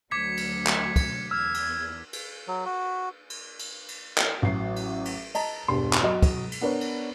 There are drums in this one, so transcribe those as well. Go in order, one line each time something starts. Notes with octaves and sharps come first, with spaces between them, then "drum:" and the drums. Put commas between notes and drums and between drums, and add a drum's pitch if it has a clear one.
D2 F#3 D6 G#6 B6 C#7
drum: cymbal
drum: clap
drum: kick, cymbal
E2 E6 F6 G#6
drum: cymbal
drum: cymbal
F#3
F#4
drum: cymbal
drum: cymbal
drum: cymbal
drum: clap
A1 F#3 F#4 C7
drum: cymbal
drum: cymbal
D#5 A5 A#5, drum: cymbal
E1 G2 G3 C6
drum: clap
F#3 D#5
drum: kick, cymbal
drum: cymbal
B3 D4 A#4 B4 C#5
drum: cymbal